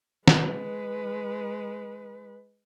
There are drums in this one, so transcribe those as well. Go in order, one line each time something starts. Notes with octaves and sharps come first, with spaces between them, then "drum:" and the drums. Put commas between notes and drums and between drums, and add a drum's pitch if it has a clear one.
G#3 B4, drum: snare